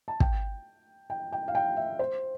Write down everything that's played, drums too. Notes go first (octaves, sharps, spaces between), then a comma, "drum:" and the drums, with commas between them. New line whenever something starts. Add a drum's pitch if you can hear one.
A5
G5, drum: kick
G5
G5
F5
G5
E5
C5